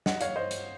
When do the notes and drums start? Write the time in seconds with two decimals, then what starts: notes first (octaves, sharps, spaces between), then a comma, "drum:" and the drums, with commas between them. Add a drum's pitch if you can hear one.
0.06 D#5 F#5, drum: snare
0.21 C#5 F5, drum: hi-hat
0.36 C5 D#5
0.51 drum: hi-hat